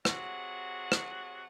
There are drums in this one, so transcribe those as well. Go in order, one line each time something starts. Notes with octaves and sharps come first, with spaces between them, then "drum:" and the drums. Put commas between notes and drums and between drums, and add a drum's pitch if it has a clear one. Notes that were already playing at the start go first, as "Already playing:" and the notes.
C3 F#3 F#4 G#4 F#5, drum: rim click
drum: rim click